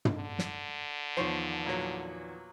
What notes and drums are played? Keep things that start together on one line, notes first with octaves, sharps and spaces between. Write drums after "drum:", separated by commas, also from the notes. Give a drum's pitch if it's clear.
drum: tom
D3
drum: snare
E2 D#3 F3 C5 C#5
A#2 F#3